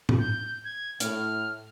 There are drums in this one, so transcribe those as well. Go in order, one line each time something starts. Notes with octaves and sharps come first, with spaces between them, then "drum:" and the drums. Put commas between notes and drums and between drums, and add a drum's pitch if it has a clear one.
drum: tom
G6
G#6
A2 F6, drum: hi-hat